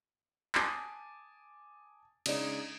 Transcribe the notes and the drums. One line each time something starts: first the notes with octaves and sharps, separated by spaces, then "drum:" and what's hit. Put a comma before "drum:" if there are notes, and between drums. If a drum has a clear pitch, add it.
G#5 A5 D6 D#6 A6, drum: clap
C#3 G#3 D4 D#4, drum: cymbal